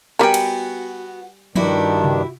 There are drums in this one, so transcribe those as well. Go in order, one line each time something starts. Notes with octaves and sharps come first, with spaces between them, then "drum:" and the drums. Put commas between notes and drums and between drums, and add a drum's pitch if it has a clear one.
G3 B3 F#4 A#4 G5 G#5 B5
drum: cymbal
G2 D#3 D4 E4 F#4 G4, drum: tom F3
drum: tom C3